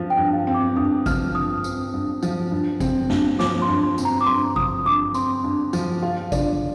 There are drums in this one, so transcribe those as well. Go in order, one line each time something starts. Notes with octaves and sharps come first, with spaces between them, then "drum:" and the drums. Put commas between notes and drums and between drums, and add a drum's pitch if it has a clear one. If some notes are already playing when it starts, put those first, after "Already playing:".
Already playing: G2 F3 C4
G5
G2
F5
C4
D6
G2 D#6
F3 F6, drum: kick G#1, tambourine
G2 D#6
C4, drum: tambourine
G2
F3, drum: tambourine
G2
C4, drum: kick G#1, tambourine
G2, drum: snare
F3 D6, drum: snare
C6
G2
C6
C4, drum: tambourine
A#5
D6
G2 C6
F3 D#6, drum: kick G#1
G2 D6
C4 C6, drum: tambourine
G2
F3, drum: tambourine
F4
D4, drum: kick G#1, tambourine